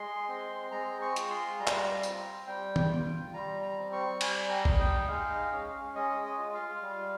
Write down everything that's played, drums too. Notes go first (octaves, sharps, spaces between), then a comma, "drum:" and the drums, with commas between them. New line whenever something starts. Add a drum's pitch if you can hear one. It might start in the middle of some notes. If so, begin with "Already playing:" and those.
Already playing: G#3 C6
C4
G#3 A#5
C#6
F4, drum: hi-hat
C6
G3 A#5
C6, drum: clap
A#5
C4, drum: tambourine
G3 G5
drum: tom
F4
G3 A#5
A#5
C4
C#6
G3 G#5, drum: cymbal
A#5
D#4, drum: kick A1
G5
G#3 F5
C#4
G#3 D#5
D#5
F4
F5
G3